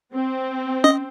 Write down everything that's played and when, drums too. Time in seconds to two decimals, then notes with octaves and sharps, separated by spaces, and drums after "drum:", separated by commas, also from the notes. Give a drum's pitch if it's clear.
0.14 C4
0.84 D#5, drum: tom C#4